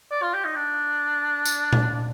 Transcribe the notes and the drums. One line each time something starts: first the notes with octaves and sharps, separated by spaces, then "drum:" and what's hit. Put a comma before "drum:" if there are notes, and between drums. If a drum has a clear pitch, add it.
D5
F4
G4
D#4
D4
drum: tambourine
drum: tom A#2